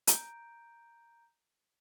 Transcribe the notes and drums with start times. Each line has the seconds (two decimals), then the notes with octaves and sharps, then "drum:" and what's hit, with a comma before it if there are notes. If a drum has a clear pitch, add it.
0.07 A#5 G6 D7, drum: hi-hat